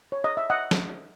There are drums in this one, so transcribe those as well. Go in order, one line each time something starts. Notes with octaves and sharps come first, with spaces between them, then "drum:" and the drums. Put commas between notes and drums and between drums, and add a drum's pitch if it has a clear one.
C#5
D#5
E5
D#5 F#5
drum: snare